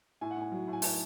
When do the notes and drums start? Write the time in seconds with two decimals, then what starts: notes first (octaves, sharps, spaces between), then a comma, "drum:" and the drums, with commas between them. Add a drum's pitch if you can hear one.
0.21 A2 G#5
0.31 F#5
0.37 A2 G#5
0.52 F#3
0.68 A2
0.73 G#5
0.82 A2 A5, drum: open hi-hat